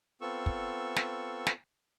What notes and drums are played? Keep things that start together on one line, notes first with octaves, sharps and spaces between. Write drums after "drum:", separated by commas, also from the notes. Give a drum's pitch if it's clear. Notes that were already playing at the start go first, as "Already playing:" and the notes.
B3 C4 F4 A4 C#6 E6
drum: kick
drum: snare
drum: snare